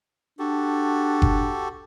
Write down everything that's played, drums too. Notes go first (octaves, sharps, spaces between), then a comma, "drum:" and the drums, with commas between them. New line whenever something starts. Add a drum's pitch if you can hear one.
D4 F#4 G4 A4
drum: kick F#1